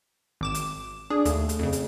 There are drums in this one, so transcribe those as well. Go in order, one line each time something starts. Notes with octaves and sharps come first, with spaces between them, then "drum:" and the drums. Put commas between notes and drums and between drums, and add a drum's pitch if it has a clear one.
G#1 D6 E7
drum: hi-hat
D4 G#4
D#2 A3, drum: hi-hat
drum: hi-hat
F2 C#3
drum: hi-hat